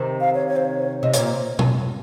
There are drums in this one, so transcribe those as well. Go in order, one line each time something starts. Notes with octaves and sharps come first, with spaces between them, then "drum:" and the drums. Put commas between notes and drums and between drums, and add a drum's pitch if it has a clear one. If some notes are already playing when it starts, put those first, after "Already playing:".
Already playing: C3 D#3
F5
C#5
C#5
C5
C#5
C3 D#5
C#5, drum: hi-hat
A#2
drum: tom B2